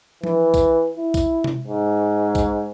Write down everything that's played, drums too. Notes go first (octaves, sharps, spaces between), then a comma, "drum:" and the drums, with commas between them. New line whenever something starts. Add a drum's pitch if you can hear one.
E3, drum: tom F3
drum: kick, tambourine
E4
drum: kick, tambourine
drum: tom C3
G#2
drum: kick, tambourine